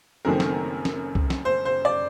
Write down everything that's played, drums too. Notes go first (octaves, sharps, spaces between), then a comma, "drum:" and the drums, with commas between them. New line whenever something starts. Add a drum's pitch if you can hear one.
F#1 F#2 D#3 A3 C4 A#4
drum: snare
drum: snare
drum: kick C2
drum: snare
C5
C5
D5